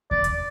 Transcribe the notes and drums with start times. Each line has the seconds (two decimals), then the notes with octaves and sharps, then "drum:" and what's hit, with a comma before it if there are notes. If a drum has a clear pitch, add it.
0.11 D5, drum: kick D#2
0.24 drum: hi-hat